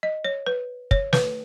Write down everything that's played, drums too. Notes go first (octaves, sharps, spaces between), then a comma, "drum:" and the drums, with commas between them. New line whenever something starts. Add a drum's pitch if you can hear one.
D#5
C#5
B4
C#5, drum: kick
B4, drum: snare